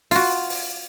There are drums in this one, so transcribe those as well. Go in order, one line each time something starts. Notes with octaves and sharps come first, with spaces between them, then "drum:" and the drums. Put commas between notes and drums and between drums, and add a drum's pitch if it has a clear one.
F4 F#4, drum: open hi-hat
drum: open hi-hat